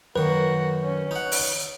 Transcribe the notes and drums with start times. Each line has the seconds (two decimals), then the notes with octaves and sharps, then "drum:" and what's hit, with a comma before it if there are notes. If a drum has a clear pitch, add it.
0.16 F#2 D#3 A#3 F#4 B4
0.82 C#4
1.11 D#4 C#5 F#5
1.32 drum: open hi-hat